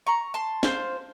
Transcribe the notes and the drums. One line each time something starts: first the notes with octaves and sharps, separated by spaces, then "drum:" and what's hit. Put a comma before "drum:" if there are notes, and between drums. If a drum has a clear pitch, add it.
A#5 C#6
A5 C6
F4 C5, drum: snare